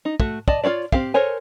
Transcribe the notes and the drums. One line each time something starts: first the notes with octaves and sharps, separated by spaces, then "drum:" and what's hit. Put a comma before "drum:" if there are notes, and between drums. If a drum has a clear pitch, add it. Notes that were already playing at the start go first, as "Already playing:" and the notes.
D#4
A3 F#4, drum: kick
D5 D#5 A5, drum: kick
F4 A4 C#5 D5
C4 G4 F5, drum: kick
A4 A#4 C5 C#5 G#5